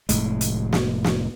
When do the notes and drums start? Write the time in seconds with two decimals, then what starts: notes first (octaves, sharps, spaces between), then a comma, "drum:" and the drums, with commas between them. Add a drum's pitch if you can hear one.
0.09 F1 A2 G#3, drum: hi-hat
0.41 drum: hi-hat
0.73 drum: snare
1.04 drum: snare